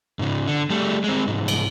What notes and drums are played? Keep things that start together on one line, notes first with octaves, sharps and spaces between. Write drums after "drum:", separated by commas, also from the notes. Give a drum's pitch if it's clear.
G#2 C#3
D3
G3 A3
G#3 C4
C2 G#2
drum: cymbal